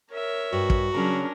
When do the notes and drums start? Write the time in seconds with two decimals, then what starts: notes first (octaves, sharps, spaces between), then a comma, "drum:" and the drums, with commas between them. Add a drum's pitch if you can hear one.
0.12 A#4 C#5 E5
0.52 G2 F#4
0.70 drum: kick
0.95 C#3 F#3 C#4 D4 A#4